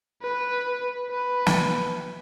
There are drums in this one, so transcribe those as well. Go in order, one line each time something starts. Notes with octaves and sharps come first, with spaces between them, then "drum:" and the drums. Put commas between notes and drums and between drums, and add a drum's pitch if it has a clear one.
B4
B4
drum: snare